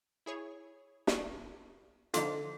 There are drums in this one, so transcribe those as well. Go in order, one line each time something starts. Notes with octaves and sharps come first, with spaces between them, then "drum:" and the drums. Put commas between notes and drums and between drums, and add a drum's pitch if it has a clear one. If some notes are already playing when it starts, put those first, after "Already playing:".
E4 G#4 C#5
C#6, drum: snare
D3 F3 D4 D#4 F4 A4, drum: hi-hat